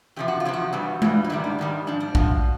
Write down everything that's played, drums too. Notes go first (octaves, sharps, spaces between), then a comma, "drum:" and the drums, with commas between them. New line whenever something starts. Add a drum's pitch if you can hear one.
E2 C3 F3 G4
F#4
F4
E2 C3 F3
F#4
G2 E3 G3
G2 E3 G3, drum: tom G#3
D#4
G#2 D#3 G3 E4
D4
G#2 D#3 G3
G#2 F3 D4
D4
G#2 F3 F#4, drum: kick A#1